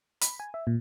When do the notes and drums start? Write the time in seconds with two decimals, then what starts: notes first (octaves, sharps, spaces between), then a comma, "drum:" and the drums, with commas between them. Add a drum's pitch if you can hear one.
0.21 B5, drum: hi-hat
0.40 G#5
0.54 E5
0.67 A#2